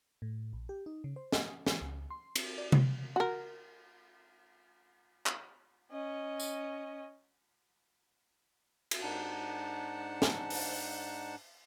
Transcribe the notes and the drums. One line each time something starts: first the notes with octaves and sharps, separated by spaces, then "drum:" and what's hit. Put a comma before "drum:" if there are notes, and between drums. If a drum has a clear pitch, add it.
A2
A#1
G4
D#4
C#3
C5
D#5, drum: snare
E3, drum: snare
C#2
C6
C4, drum: cymbal
D5
drum: tom C3
F#4 A#4
drum: clap
C#4 D#5
drum: tambourine
drum: cymbal
G#2 D4 D#4 F#5 A5
drum: snare
drum: open hi-hat